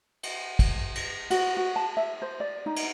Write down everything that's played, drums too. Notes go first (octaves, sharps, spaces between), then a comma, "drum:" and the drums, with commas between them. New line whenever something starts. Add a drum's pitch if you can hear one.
drum: cymbal
drum: kick, cymbal
drum: cymbal
F#4, drum: cymbal
F#4
A5
E5
C5
D5
D#4
drum: cymbal